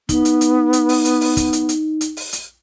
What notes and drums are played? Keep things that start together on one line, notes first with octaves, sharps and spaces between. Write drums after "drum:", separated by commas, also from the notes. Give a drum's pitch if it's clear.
B3 D#4, drum: kick, hi-hat
drum: hi-hat
drum: hi-hat
drum: hi-hat
drum: open hi-hat
drum: hi-hat
drum: open hi-hat
drum: kick, hi-hat
drum: hi-hat
drum: hi-hat
drum: hi-hat
drum: open hi-hat
drum: hi-hat